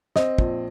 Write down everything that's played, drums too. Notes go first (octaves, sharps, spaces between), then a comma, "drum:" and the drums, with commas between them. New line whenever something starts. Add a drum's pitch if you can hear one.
C4 D#5, drum: snare
A#1, drum: kick